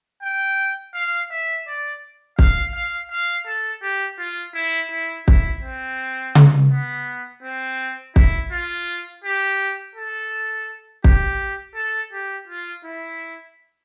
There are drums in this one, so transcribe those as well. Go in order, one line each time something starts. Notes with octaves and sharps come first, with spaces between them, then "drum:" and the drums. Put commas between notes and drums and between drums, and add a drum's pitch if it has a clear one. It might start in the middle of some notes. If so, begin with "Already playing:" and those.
G5
F5
E5
D5
F5, drum: kick
F5
F5
A4
G4
F4
E4
E4
E4, drum: kick
C4
drum: tom C#3
B3
C4
E4, drum: kick
F4
G4
A4
G4, drum: kick
A4
G4
F4
E4